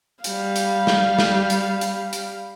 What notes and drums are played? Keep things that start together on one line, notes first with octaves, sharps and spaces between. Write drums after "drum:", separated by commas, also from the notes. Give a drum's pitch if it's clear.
G3 F5, drum: hi-hat
drum: hi-hat
drum: snare
drum: snare
drum: hi-hat
drum: hi-hat
drum: hi-hat